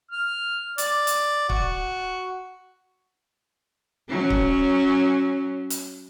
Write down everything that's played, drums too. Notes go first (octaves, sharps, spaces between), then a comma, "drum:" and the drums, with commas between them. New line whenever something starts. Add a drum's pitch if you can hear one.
F6
D5, drum: hi-hat
drum: hi-hat
F#4, drum: kick C#1
F#3 C#4
drum: kick C#1
drum: hi-hat